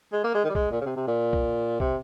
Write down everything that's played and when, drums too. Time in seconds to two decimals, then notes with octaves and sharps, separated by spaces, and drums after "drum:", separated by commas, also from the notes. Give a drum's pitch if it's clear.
0.13 G#3
0.24 A#3
0.34 G#3
0.44 D#3
0.49 G3
0.55 G#3, drum: kick
0.71 A#2
0.81 C#3
0.86 C3
0.96 C3
1.07 A#2
1.33 drum: kick
1.80 C3, drum: kick